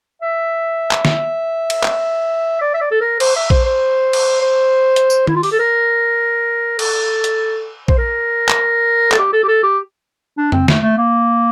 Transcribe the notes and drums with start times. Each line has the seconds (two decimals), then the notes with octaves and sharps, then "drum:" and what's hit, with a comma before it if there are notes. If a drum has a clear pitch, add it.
0.22 E5
0.91 drum: clap
1.05 drum: snare
1.70 drum: cymbal
1.83 drum: clap
2.61 D5
2.74 E5
2.81 D5
2.91 A4
3.01 A#4
3.20 C5, drum: cymbal
3.36 E5
3.50 C5, drum: kick A#1
3.65 C5
4.13 drum: cymbal
4.41 C5
4.96 drum: hi-hat
5.10 drum: tambourine
5.27 E4, drum: tom D#3
5.36 F4
5.43 G4, drum: open hi-hat
5.52 A4
5.59 A#4
6.79 A4, drum: cymbal
7.24 drum: hi-hat
7.88 C5, drum: kick A#1
7.98 A#4
8.48 drum: clap
9.12 A4, drum: clap
9.19 G4
9.33 A4
9.44 G4
9.48 A4
9.63 G4
10.38 D4
10.52 C4, drum: tom F2
10.68 A3, drum: snare
10.83 A3
10.98 A#3